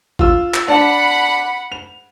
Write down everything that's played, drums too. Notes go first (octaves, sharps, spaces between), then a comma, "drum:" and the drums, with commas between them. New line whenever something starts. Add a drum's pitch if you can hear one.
F4 E6, drum: kick G#1
drum: clap
D4 F#5 A5 B5
F7